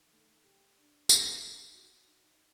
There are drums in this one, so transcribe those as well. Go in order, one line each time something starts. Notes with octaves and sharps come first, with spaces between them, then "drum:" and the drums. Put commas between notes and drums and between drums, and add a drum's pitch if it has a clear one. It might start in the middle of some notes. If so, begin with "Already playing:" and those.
Already playing: D#3
A3
G4
D4
G4, drum: tambourine
D#4
F#4
D#4